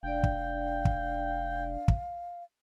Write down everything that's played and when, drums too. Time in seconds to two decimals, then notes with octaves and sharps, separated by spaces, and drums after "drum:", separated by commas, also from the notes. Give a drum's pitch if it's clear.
0.03 F1 D4 D5 F5 G5
0.23 drum: kick
0.85 drum: kick
1.88 drum: kick